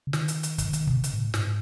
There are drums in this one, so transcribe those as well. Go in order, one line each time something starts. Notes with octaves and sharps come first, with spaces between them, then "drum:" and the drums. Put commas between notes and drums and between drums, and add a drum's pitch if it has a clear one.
C#3
D#3, drum: snare
drum: hi-hat
drum: hi-hat
drum: kick, hi-hat
D#3, drum: hi-hat
B2, drum: kick
C#3
drum: hi-hat
A2
G#2, drum: snare